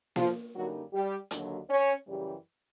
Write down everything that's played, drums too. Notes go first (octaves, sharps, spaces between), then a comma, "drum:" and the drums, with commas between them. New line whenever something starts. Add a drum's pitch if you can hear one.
F3 F4, drum: snare A#3
F#2 D3 F#3 G3 A#3 D#4 F#4
G3 G4
D#2 D3 F#3, drum: hi-hat
C#4 C#5
F#2 C#3 E3 G3